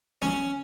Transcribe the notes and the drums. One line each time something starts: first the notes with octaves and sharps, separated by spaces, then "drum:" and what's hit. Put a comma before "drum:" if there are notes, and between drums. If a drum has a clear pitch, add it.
C#4, drum: snare